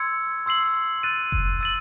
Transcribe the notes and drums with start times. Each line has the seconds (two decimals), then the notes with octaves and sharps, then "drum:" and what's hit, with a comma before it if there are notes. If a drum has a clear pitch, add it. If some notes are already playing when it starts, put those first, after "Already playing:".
Already playing: C6 E6 G#6 C#7
0.46 C6 E6 G#6 C7 F#7
1.03 F#6 A6 D#7
1.32 drum: kick F1
1.61 E6 A6 D#7 F#7